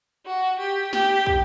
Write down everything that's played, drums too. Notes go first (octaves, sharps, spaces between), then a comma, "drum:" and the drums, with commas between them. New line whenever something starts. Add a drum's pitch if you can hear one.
F#4
G4
G4, drum: snare
drum: kick